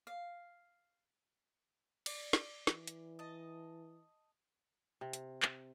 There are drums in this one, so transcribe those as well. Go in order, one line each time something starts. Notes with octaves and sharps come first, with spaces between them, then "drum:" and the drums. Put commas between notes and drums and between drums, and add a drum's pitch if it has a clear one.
F5
D5, drum: cymbal
drum: snare
E3, drum: snare
drum: hi-hat
D#5 A5
C3
drum: hi-hat
drum: clap